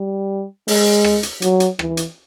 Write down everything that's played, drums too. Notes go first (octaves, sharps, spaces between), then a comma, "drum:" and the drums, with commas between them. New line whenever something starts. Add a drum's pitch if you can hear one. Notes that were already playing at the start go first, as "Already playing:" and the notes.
Already playing: G3
G#3, drum: open hi-hat
drum: rim click
drum: hi-hat
F#3, drum: hi-hat
drum: hi-hat
E3, drum: rim click
drum: hi-hat